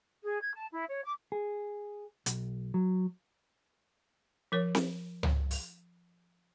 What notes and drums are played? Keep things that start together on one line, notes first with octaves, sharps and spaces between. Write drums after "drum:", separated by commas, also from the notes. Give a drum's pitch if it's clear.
G#4
G#6
A5
E4
C#5
D6
G#4
B1, drum: hi-hat
F#3
F3 A#4 C#5
drum: snare C4
drum: tom C#2
drum: open hi-hat